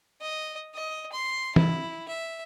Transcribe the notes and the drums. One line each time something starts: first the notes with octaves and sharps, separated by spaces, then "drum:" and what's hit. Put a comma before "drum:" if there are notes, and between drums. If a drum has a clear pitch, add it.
D#5
D#5
C6
E4, drum: tom
E5